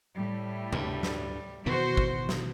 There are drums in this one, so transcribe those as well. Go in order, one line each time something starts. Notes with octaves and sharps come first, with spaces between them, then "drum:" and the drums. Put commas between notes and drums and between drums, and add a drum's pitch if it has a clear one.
A2 G3
D2 G2, drum: tom C3
drum: snare
B2 D#3 E3 F#4 C5
drum: kick
drum: snare